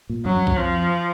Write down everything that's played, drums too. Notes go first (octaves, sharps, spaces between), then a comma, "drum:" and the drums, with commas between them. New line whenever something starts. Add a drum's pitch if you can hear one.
A#2
F#2 F#3
F#2
F#2, drum: kick B1
F2 F3